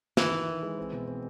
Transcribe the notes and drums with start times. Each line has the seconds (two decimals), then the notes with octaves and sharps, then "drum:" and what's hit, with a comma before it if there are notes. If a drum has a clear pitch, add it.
0.17 D#3 E3, drum: snare
0.33 E4
0.48 D#3
0.63 G#3
0.78 C4
0.93 B2
1.07 C4